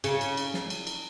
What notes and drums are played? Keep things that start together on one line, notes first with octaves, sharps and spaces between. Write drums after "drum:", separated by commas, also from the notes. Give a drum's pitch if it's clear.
C#3, drum: cymbal
drum: cymbal
drum: cymbal
drum: snare
drum: cymbal
drum: cymbal